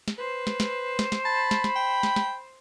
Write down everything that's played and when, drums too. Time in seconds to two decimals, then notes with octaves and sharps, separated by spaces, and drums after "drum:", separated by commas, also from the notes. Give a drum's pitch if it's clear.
0.08 drum: snare
0.19 B4 C5
0.47 drum: snare
0.60 drum: snare
0.99 drum: snare
1.12 drum: snare
1.25 A5 B5
1.51 drum: snare
1.64 drum: snare
1.75 G5
2.03 drum: snare
2.16 drum: snare